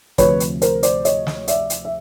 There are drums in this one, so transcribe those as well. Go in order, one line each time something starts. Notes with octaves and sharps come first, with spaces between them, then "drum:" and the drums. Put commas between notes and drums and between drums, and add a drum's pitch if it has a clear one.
D2 C3 F3 B4 C#5, drum: kick, hi-hat
drum: hi-hat
A#4 C5, drum: hi-hat
C5 D5, drum: hi-hat
C#5 D#5, drum: hi-hat
drum: snare
D5 E5, drum: hi-hat
drum: hi-hat
E5